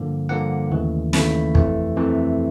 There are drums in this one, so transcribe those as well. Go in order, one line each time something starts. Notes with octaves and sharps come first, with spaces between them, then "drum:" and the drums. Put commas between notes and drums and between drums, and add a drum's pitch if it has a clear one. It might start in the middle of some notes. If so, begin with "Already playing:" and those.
Already playing: G2 D3 F3 A#3
G2 D3 F3 A#3 F#5
D#2 C#3 E3 A3
D#2 C#3 E3 A3 B5, drum: snare
F2 C3 E3 A3, drum: kick
F2 C3 E3 A3